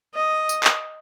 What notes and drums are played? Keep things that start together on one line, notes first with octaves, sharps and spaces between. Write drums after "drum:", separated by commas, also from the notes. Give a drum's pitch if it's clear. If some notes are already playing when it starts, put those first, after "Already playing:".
D#5
drum: tambourine
drum: clap